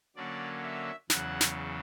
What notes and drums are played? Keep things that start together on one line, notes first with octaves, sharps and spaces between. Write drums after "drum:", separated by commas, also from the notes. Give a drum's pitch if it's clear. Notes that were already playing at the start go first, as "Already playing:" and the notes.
D3 F#3 A#3 C#4 D5
E5
E2 C#3 F#3 F#5, drum: snare
drum: snare